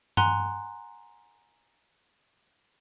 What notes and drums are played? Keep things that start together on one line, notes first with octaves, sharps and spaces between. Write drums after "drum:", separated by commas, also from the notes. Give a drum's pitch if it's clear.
F#5 G#5 A#5 C6 F#6, drum: tom G2